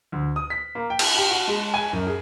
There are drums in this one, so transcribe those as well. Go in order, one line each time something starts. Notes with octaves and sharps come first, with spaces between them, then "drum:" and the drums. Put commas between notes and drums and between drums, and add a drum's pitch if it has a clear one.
D2
D#6
B6
A#3
G5
drum: cymbal
G4
F#4
G#3
G#5
F#2
G#4